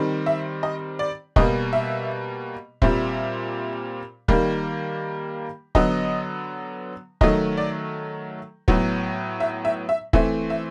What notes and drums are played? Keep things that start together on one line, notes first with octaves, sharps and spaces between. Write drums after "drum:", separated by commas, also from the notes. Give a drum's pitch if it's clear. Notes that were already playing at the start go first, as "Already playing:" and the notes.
Already playing: D#3 G3 C4
E5
D#5
D5
B2 G3 A#3 D#5, drum: kick
E5
A#2 G3 C4 E5, drum: kick
D#3 G3 A#3, drum: kick
D3 F#3 B3 D#5, drum: kick
D#3 F#3 A3 D#5, drum: kick
D5
A2 F#3 B3, drum: kick
E5
E5
E5
E3 A3 C4 E5, drum: kick
E5